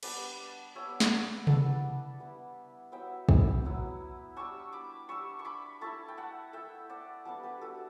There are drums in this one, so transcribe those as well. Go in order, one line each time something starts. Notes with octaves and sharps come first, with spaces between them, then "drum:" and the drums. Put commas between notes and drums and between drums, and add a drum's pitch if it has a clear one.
G3 B3 D4 B4 D5, drum: cymbal
G3 B3 D4 C#5 E5
drum: snare
D5 F#5
G3 B3 E4 F#5 A5, drum: tom C3
G3 B3 E4
F#3 B3 E4 E5 G5
G5 B5, drum: kick
F#3 B3 E4
G3 D4 C#6 E6
B5 D6
G3 D4 C#6 E6
C#6
B5 D6
A3 E4 A5 C#6
G5
F#5 A5
A3 E4 E5 G5
D5 F#5
G3 B3 D4 F#5 A5
G4 B4
F#4 A4